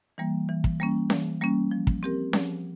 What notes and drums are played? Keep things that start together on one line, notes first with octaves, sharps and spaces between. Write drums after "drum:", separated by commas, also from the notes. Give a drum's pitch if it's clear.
E3 G3 A#3
E3
drum: kick
G3 A#3 C#4
E3, drum: snare C#4
G3 A#3 C#4
F3
drum: kick
C4 G4 A#4
F3, drum: snare C#4